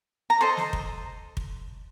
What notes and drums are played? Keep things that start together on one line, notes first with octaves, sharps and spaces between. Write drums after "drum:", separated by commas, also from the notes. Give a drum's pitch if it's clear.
A#5
A4 C5 D#5 C6
drum: snare
drum: kick
drum: kick